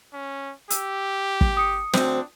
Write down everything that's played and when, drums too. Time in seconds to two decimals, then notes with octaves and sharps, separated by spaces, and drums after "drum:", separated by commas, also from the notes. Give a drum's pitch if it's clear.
0.14 C#4
0.70 G4 E6, drum: hi-hat
1.41 drum: kick
1.57 D#6 C#7
1.93 D2 C4 D4, drum: snare